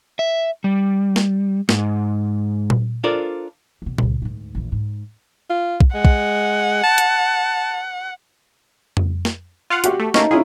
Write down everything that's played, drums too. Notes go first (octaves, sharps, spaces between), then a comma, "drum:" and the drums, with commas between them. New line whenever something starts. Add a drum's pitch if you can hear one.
E5
G3
drum: snare
G#2, drum: snare
drum: tom A#2
D4 F4 A4 A#4 C5 D5
E2 B2
F#1 C#2, drum: tom A#2
D2 G#2
A#1 E2
G#2
F4
drum: kick
G#3 F#5
drum: kick
A5
drum: hi-hat
drum: tom F2
drum: snare
F4 F5 F#5
F#4 G4, drum: hi-hat
A3
A3 A#3 C#4 D#4, drum: snare
C#4 E4 F4 G#4